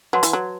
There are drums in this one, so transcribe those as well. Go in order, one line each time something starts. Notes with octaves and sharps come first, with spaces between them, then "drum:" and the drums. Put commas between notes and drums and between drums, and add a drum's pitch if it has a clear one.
F#3 B4 F#5 A5 C6
E3, drum: hi-hat
F#3